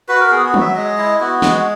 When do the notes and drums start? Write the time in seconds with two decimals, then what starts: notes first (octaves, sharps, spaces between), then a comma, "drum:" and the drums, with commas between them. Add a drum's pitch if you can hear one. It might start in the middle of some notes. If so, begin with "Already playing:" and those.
0.09 F#4 B4
0.20 A#4
0.31 B3 G#4
0.46 F#4
0.54 F#3, drum: tom
0.61 E5
0.75 G#3 D#5
0.98 E4
1.20 B3 F#4
1.42 G#3, drum: snare